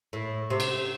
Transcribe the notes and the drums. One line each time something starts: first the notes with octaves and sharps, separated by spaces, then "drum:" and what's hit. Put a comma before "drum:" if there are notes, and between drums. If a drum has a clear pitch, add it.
A2
C3
drum: cymbal